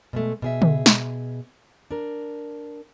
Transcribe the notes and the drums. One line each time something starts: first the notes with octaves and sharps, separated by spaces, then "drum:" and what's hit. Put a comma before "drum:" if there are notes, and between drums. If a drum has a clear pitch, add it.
B2 G#3 A3
B2 G#4 E5
drum: tom
drum: snare
D4 A#4